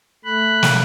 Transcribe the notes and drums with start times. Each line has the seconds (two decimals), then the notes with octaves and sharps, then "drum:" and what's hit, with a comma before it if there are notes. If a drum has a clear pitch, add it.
0.25 A3 B5 F#6
0.63 drum: snare